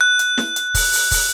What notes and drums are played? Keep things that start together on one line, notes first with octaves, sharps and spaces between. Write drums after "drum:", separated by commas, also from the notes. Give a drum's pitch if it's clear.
F#6
drum: hi-hat
drum: snare
drum: hi-hat
drum: kick, open hi-hat
drum: open hi-hat
drum: kick, open hi-hat